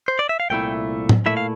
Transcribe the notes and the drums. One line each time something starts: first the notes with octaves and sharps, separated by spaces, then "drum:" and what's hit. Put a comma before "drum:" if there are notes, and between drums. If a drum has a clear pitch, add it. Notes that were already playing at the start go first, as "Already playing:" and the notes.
C5
D5
E5
F5
C2 A#2 A3 E4 G5
drum: tom
A#2 A3 E4 E5
F5